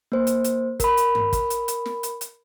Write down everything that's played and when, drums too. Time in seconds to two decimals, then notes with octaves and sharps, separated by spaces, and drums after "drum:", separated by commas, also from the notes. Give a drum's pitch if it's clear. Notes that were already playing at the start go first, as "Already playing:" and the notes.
0.12 A#3 C5
0.27 drum: hi-hat
0.44 drum: hi-hat
0.80 A#4 B5, drum: kick, hi-hat
0.97 drum: hi-hat
1.15 drum: tom G2
1.33 drum: kick, hi-hat
1.50 drum: hi-hat
1.68 drum: hi-hat
1.86 drum: snare
2.03 drum: hi-hat
2.21 drum: hi-hat